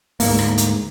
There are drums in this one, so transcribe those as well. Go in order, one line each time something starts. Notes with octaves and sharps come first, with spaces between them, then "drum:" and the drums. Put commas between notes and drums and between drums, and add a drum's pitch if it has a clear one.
D2 G#2 A#3, drum: open hi-hat
drum: rim click
drum: hi-hat